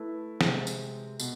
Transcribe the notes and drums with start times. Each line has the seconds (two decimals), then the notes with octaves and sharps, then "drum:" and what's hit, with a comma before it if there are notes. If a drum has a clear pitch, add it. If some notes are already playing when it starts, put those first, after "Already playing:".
Already playing: A3 E4 B4
0.41 C3 G#3 C4, drum: snare
0.67 drum: tambourine
1.20 B2, drum: tambourine